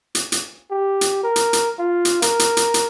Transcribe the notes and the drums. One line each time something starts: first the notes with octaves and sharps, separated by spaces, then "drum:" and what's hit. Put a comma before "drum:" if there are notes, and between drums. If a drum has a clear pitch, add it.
drum: hi-hat
drum: hi-hat
G4
drum: hi-hat
A#4
drum: hi-hat
drum: hi-hat
F4
drum: hi-hat
A#4, drum: hi-hat
drum: hi-hat
drum: hi-hat
drum: hi-hat